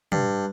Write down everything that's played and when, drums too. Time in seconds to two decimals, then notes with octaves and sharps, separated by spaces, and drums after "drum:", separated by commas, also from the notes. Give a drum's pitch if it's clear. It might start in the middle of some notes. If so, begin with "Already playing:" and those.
0.12 G2, drum: tom